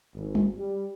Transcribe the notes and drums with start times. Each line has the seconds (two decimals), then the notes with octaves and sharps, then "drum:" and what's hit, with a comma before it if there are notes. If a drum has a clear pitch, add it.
0.14 G#1
0.35 drum: tom G3
0.57 G3